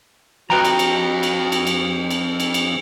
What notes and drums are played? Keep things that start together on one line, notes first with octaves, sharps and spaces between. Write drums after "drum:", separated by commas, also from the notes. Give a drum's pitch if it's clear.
F2 F#4 B4 G5 A#5
drum: cymbal
drum: cymbal
drum: cymbal
drum: cymbal
drum: cymbal
drum: cymbal
drum: cymbal
drum: cymbal